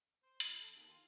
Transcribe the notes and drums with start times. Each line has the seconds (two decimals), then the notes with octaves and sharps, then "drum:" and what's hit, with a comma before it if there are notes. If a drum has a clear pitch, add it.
0.24 C5
0.40 F2, drum: hi-hat
0.59 A4
0.76 D#2
0.88 F4